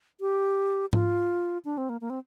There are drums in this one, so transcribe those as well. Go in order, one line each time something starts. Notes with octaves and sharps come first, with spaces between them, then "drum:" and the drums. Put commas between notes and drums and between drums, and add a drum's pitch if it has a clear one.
G4
F4, drum: tom G#2
D4
C4
A#3
A#3
C4